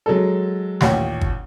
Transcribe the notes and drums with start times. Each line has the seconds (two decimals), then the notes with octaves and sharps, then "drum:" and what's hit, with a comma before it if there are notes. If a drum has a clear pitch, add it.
0.06 F#3 G#3 A4
0.81 A1 D#2 A#2 C#5 F#5 G5, drum: snare
1.21 drum: kick